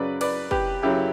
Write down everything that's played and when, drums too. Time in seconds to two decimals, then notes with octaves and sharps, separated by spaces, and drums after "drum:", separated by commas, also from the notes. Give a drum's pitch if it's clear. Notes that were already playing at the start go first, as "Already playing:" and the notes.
Already playing: F#2 C#3 F#3 B4 D5
0.21 B4 D5, drum: cymbal
0.51 G4 B4, drum: kick
0.82 F#2 C#3 F#3 E4 G4